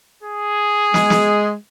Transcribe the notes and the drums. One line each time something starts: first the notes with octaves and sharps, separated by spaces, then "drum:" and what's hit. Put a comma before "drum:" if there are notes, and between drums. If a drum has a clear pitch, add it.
G#4
G#3, drum: snare
drum: snare